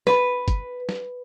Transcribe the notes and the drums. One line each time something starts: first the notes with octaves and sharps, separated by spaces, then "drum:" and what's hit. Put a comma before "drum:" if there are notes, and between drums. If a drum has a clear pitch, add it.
B4, drum: snare
drum: kick G1, hi-hat
drum: snare